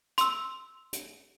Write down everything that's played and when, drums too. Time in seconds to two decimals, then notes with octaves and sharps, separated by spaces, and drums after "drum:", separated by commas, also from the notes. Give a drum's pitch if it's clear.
0.18 C6 E6, drum: hi-hat
0.93 drum: hi-hat